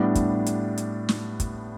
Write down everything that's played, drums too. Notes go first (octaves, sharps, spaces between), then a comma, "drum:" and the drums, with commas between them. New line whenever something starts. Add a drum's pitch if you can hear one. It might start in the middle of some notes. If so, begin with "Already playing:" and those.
Already playing: A2 G3 B3 D4
drum: kick, hi-hat
drum: hi-hat
drum: hi-hat
drum: snare
drum: kick, hi-hat